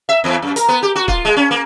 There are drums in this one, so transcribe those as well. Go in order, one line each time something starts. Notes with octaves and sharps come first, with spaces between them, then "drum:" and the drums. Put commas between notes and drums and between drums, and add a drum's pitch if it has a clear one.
E5
E2
F#2
A#4, drum: hi-hat
B3
G4
F#4
F4, drum: kick
G#3
C#4
A#3